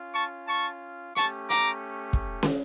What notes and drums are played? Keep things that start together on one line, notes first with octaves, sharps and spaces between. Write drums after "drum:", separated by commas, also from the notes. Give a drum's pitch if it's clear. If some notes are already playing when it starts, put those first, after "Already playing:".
Already playing: C#4 F4
A5 C#6
A5 C#6
A3 C#4 G4 A5 C#6, drum: hi-hat
A#5 D6, drum: hi-hat
drum: kick
drum: snare